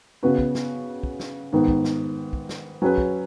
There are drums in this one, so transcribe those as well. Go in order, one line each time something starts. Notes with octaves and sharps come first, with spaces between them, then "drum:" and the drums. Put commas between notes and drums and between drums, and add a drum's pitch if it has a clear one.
C#3 B3 F#4 B4
drum: kick
drum: snare
drum: kick
drum: snare
G#2 D#3 B3
drum: kick
drum: snare
drum: kick
drum: snare
F#3 C#4 G#4 B4
drum: kick